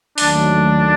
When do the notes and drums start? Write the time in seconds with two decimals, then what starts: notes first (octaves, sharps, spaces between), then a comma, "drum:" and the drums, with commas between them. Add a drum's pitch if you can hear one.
0.18 D#2 D#3 F#3 A3 D4, drum: open hi-hat